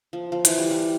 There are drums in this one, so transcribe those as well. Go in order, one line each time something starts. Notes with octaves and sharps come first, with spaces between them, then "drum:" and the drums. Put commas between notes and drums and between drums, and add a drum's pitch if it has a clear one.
F3
F3
E3, drum: hi-hat
G3
G3